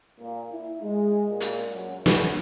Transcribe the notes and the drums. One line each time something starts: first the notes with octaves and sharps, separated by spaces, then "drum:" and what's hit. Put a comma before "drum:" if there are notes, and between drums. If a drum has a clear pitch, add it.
A#2
E4
G#3
A#2
drum: hi-hat
F#2
F#2, drum: snare